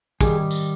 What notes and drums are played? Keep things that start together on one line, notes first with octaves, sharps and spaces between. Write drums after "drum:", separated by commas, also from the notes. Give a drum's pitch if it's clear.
D#3 G3 G#4, drum: kick, tambourine
drum: tambourine